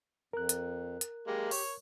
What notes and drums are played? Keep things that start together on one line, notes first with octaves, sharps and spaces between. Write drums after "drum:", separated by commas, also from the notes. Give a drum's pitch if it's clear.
F2 A#4 F#6
drum: hi-hat
drum: hi-hat
G#3 A#3 G4
C#5, drum: open hi-hat